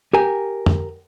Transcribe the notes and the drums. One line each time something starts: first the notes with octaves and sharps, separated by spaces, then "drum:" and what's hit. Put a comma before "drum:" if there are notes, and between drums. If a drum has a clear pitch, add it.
G4 A#4 G#5
drum: tom